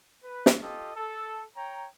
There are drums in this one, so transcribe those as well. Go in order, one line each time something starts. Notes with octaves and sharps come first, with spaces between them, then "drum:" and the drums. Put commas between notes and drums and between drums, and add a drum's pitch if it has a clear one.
B4
drum: snare
F4 G4 A4 D#5
A4
C#5 G5 A#5